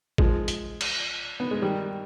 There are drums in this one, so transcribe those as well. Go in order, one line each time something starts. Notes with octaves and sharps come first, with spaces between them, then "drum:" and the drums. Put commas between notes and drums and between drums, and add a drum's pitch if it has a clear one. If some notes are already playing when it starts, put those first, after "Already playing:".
F3 G#3, drum: kick A1
drum: hi-hat
drum: cymbal
B3
G#3
D#3 G3